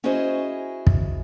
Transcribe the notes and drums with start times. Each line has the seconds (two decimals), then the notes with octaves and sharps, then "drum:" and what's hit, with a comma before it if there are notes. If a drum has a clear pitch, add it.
0.04 C#4 E4 F#4 G#4 C5 D#5
0.87 drum: kick